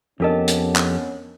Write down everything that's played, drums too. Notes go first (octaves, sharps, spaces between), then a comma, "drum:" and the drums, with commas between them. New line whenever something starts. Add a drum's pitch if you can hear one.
F2 B3 C#4 D4 G4 A#4 D#5 A5
drum: hi-hat
drum: clap